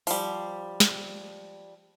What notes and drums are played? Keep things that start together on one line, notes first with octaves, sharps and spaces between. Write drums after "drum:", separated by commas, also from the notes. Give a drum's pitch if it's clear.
F3 G3, drum: open hi-hat
drum: snare